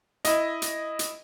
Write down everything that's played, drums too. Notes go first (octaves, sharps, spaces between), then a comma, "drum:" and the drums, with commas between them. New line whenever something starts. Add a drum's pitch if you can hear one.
E4 D#5, drum: hi-hat
drum: hi-hat
drum: hi-hat